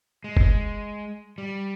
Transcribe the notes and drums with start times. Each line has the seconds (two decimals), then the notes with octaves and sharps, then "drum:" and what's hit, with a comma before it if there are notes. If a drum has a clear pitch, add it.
0.24 G#3
0.37 drum: kick G1
1.38 G3